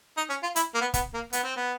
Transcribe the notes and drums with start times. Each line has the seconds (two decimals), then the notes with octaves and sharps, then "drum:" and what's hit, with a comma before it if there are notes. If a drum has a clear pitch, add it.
0.17 D#4
0.29 C#4
0.43 F4
0.56 E4, drum: hi-hat
0.75 A#3
0.81 B3
0.94 B3, drum: kick, hi-hat
1.14 A#3
1.33 B3, drum: hi-hat
1.44 C4
1.56 B3